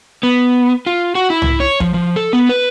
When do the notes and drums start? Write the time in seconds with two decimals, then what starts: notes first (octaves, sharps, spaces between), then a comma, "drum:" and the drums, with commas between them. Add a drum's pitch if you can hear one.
0.23 B3
0.87 F4
1.15 F#4
1.30 E4
1.42 drum: tom C2
1.60 C#5
1.80 F3, drum: kick
1.94 F3
2.16 A4
2.33 B3
2.49 B4